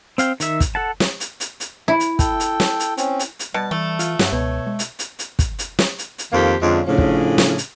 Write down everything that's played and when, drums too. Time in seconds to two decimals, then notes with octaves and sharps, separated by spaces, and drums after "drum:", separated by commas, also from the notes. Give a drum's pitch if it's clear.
0.18 C4 F5 G5, drum: hi-hat
0.40 D#3 E5, drum: hi-hat
0.60 drum: kick, hi-hat
0.75 A4 F#5 A5
1.00 drum: snare
1.20 drum: hi-hat
1.40 drum: hi-hat
1.60 drum: hi-hat
1.88 E4
2.00 drum: hi-hat
2.19 A4 G5, drum: kick, hi-hat
2.40 drum: hi-hat
2.60 drum: snare
2.80 drum: hi-hat
2.97 C4 C#4, drum: hi-hat
3.19 drum: hi-hat
3.39 drum: hi-hat
3.54 B2 G3 A5
3.71 E3 A3
3.99 F4, drum: hi-hat
4.19 G2 F#5, drum: snare
4.32 C#2 B2 C#5
4.67 G#3
4.79 drum: hi-hat
4.99 drum: hi-hat
5.19 drum: hi-hat
5.39 drum: kick, hi-hat
5.59 drum: hi-hat
5.79 drum: snare
5.99 drum: hi-hat
6.18 drum: hi-hat
6.32 F2 D#3 A#3 G4 A4 C5
6.62 F2 D3 G#3 C#4 D4 F4
6.86 A2 C#3 F3 C#4 D4
6.98 drum: kick
7.38 drum: snare
7.58 drum: hi-hat